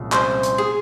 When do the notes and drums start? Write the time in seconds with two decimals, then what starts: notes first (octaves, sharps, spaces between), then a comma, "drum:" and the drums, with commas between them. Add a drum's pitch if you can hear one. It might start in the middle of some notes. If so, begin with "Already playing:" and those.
Already playing: C2 A#2 F3 G#3 C#4
0.12 C5, drum: clap
0.43 drum: hi-hat
0.58 G#4